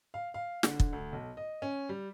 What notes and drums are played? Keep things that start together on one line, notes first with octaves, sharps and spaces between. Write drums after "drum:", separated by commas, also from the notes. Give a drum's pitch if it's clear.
F5
F5
D3, drum: snare
drum: kick
D2
B1
D#5
C#4
G3